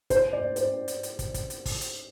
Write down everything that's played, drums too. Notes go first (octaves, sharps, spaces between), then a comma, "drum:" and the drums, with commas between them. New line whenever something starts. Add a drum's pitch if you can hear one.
C5, drum: kick, hi-hat
D5
C5, drum: hi-hat
drum: hi-hat
drum: hi-hat
drum: kick, hi-hat
drum: kick, hi-hat
drum: hi-hat
drum: kick, open hi-hat
drum: hi-hat